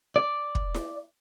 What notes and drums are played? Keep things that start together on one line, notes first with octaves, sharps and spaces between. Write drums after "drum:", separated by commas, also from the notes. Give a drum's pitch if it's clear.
D5
drum: kick
drum: snare E4